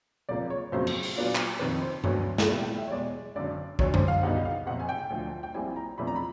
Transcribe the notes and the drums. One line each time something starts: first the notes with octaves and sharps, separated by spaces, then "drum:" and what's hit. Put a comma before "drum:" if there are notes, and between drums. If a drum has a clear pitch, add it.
C#2 C3 F3 A#3 D5
C#5
G1 F2 C#3 F#3 A3 C5
drum: cymbal
drum: open hi-hat
A#2 F#3 B3 D4 F4
drum: clap
F2 C3 D#3 B4
C5
D2 D3 F#3 B3 C#5, drum: tom G2
drum: snare
C2 A#2 G3 B3 E4
G5
E5
C#5
E2 B2 G#3 D5
G#1 F#2 D3 D5
D2 D3 F#3 C#5, drum: kick
C5, drum: tom F#2
F5
C#2 B2 G3 B3 D#4 F#5
F5
F#1 F2 C3 F#5
G#5
G5
D2 D3 F3 A3
G5
A#1 A#2 G3 C4 E4 G#5
A#5
E2 C3 F3 A3 D4 B5
A#5
B5